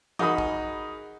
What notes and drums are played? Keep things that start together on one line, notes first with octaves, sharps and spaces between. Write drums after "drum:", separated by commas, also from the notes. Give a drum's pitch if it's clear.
D#4 F#4 G#4 A#4 B5 D#6, drum: tom E3
drum: kick